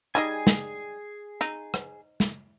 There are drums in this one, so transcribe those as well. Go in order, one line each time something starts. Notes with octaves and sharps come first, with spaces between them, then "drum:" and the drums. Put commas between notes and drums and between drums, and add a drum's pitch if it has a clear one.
G3 D#4 G#4 D#5 G#5
drum: snare
D#4, drum: hi-hat
drum: rim click
drum: snare